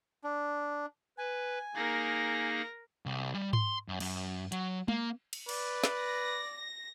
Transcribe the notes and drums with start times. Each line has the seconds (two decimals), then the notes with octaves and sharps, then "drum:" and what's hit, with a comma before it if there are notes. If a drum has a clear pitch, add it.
0.24 D4
1.18 B4 G#5
1.75 A#3 D#4 G#4 A#4 A#6
3.06 C2
3.34 G3
3.53 C6, drum: tom G#2
3.88 F#2
4.00 F#2, drum: cymbal
4.52 F#3, drum: hi-hat
4.88 A#3, drum: tom
5.33 drum: cymbal
5.49 B4 D5, drum: cymbal
5.84 drum: snare
5.98 A#6